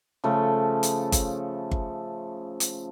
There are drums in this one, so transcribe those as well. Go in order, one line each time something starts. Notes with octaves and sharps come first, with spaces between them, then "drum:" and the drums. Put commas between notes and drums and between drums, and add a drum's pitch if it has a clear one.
C#3 F3 A3
drum: hi-hat
drum: kick G1, hi-hat
drum: kick G1
drum: hi-hat